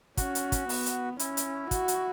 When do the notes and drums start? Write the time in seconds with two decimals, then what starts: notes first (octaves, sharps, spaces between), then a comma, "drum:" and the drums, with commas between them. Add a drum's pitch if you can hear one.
0.17 C#4 F#4, drum: kick, hi-hat
0.35 drum: hi-hat
0.52 drum: kick, hi-hat
0.69 B3, drum: open hi-hat
0.86 drum: hi-hat
1.19 C#4 E4, drum: hi-hat
1.37 drum: hi-hat
1.71 F#4, drum: kick, hi-hat
1.88 drum: hi-hat